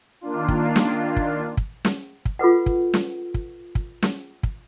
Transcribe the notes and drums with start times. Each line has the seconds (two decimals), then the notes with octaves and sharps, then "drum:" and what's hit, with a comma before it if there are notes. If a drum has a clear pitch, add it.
0.21 D#3 A#3 D4 F4
0.48 drum: kick
0.76 drum: snare
1.16 drum: kick
1.57 drum: kick
1.85 drum: snare
2.25 drum: kick
2.39 F4 A4 B4 F#5
2.66 drum: kick
2.94 drum: snare
3.34 drum: kick
3.75 drum: kick
4.02 drum: snare
4.43 drum: kick